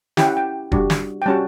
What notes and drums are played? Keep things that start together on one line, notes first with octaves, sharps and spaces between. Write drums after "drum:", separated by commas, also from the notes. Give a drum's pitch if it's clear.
C#4 E4 G4 G5, drum: snare
F#5
G5
G3 D4 F#4, drum: kick F1
drum: snare
G5
G3 C#4 F#4 A5